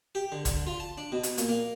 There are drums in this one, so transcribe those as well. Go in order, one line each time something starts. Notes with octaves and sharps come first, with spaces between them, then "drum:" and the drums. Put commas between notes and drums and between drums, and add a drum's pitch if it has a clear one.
G4
D3
D3, drum: kick, hi-hat
F4
A5
D4
B2
drum: hi-hat
A#2, drum: hi-hat
A#3